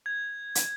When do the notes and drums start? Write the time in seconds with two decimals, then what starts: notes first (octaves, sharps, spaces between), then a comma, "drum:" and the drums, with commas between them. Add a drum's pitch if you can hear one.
0.06 G#6
0.55 drum: hi-hat